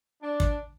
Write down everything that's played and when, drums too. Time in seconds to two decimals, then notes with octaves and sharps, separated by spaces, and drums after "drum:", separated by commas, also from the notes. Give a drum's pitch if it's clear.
0.22 D4
0.40 drum: kick